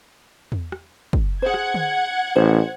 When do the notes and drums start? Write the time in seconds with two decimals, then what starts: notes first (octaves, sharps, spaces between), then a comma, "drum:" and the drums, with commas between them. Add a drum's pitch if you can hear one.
0.52 drum: tom E2
0.72 drum: rim click
1.13 drum: kick
1.42 G#4 C5 F#5 G#6
1.54 drum: rim click
1.74 drum: tom D3
2.36 A1 C5